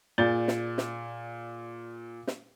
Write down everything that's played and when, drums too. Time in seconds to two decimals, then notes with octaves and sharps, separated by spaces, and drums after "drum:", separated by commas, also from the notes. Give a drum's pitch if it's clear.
0.18 A#2 G#4 D5 G6 A6 G7
0.48 drum: snare
0.78 drum: snare
2.27 drum: snare